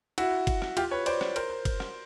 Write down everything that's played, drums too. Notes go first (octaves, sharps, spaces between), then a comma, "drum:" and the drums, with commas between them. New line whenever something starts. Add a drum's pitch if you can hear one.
E4 F#4, drum: cymbal
drum: kick, cymbal
drum: rim click
F4 G4, drum: cymbal
B4 C#5
C5 D5, drum: cymbal
drum: rim click
A#4 C5, drum: cymbal
drum: kick, cymbal
drum: rim click